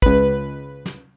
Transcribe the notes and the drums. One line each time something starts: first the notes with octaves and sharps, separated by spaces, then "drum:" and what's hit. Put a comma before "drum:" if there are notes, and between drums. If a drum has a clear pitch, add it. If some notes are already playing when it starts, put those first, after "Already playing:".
C#2 B4, drum: kick
drum: snare